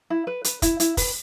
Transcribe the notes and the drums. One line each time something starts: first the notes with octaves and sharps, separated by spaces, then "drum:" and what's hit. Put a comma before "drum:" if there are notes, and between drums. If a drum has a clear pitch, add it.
E4
B4
B4, drum: hi-hat
E4, drum: kick, hi-hat
E4, drum: hi-hat
B4, drum: kick, open hi-hat